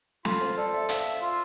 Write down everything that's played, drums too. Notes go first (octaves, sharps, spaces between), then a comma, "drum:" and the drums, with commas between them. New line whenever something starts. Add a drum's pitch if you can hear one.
F4 A4, drum: snare
C5
A4 D5
E5
E5 F5, drum: hi-hat
F5
F4